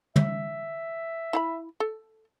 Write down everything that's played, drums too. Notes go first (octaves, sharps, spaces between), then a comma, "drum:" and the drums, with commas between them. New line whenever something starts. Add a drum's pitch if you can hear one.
E5, drum: tom
E4 F5 B5
A4